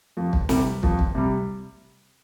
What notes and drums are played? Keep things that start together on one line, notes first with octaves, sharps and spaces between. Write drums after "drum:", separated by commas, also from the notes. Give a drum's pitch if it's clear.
F2
drum: kick
C3 G3, drum: snare
F2, drum: kick
drum: kick
C3 G3